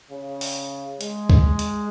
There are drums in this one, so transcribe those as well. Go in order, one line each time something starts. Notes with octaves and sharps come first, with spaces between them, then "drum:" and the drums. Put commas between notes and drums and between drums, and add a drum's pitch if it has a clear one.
C#3
drum: open hi-hat
G#3, drum: hi-hat
drum: kick C#2
drum: hi-hat